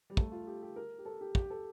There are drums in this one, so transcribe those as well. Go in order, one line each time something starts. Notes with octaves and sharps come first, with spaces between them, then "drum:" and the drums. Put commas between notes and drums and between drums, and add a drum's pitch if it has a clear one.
G3
A3, drum: kick
F4
G4
G4
A#4
G4
A4
G4
G4, drum: kick
A4